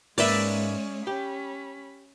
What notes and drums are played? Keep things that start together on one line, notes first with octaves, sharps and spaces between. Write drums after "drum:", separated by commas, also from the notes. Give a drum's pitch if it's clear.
G#2 G#3 A#3 C#4 B4 D5 E5, drum: open hi-hat
C#4 G4 B5